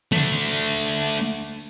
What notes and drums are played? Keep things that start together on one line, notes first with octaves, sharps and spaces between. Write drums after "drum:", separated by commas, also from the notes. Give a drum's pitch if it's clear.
A3 D4, drum: tom
drum: tambourine